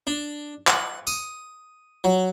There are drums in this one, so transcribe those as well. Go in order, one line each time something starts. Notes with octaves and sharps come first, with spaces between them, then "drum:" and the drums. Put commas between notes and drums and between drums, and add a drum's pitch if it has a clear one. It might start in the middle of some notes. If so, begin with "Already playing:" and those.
D4
F#5, drum: clap
D#6, drum: tambourine
F#3